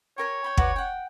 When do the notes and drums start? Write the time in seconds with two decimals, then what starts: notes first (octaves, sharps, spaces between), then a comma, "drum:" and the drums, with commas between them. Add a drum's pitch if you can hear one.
0.18 G4 A#4 C#5 G#5
0.44 G5 B5
0.57 F#4 B4 D5, drum: kick
0.76 F#5 G5